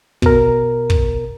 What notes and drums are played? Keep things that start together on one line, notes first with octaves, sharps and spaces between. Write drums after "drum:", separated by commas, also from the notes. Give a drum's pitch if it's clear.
B2 A#4, drum: kick
drum: kick